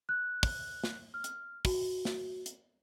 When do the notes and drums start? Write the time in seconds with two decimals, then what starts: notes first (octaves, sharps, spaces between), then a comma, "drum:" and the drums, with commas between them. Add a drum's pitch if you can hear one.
0.09 F#6
0.43 drum: kick, open hi-hat
0.84 drum: snare
1.14 F6
1.24 drum: hi-hat
1.65 F#4, drum: kick, open hi-hat
2.05 drum: snare
2.46 drum: hi-hat